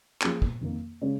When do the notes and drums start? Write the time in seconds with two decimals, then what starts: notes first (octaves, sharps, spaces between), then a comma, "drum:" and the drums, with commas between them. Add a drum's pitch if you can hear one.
0.22 F3 A#3 C#4 G#4, drum: clap
0.42 drum: kick
0.61 F2 D#3 A#3
1.01 C#3 G#3 C#4